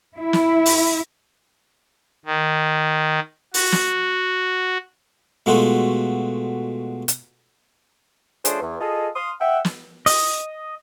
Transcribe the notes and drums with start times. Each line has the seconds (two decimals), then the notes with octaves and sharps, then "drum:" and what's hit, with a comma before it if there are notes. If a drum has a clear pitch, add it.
0.18 E4
0.33 drum: snare
0.66 drum: open hi-hat
2.26 D#3
3.54 F#4, drum: open hi-hat
3.72 drum: snare
5.46 B2 G#3 A3 F4 F#4
7.08 drum: hi-hat
8.45 F3 A3 C#4 D4 G#4 C5, drum: hi-hat
8.62 E2
8.81 F4 G#4 A4 D#5
9.16 F5 C6 D#6
9.41 E5 F#5 G5
9.65 drum: snare
10.06 D#5, drum: open hi-hat